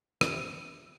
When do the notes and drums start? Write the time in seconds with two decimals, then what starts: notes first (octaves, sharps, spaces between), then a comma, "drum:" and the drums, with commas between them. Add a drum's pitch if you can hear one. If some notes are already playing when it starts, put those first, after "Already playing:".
0.21 C3, drum: rim click